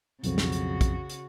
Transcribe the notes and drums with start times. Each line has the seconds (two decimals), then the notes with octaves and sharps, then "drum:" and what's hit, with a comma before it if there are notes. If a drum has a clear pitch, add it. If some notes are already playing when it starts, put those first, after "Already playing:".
0.24 B1 F2 C#3 F#4, drum: hi-hat
0.38 drum: snare
0.52 drum: hi-hat
0.81 drum: kick, hi-hat
1.09 drum: hi-hat